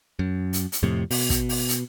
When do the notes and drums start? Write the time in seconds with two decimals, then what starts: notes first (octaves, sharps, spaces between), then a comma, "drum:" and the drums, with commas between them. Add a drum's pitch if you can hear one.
0.19 F#2
0.53 drum: hi-hat
0.72 drum: hi-hat
0.83 F2 A2 C3
1.11 B2, drum: open hi-hat
1.30 drum: kick, hi-hat
1.49 drum: open hi-hat
1.68 drum: hi-hat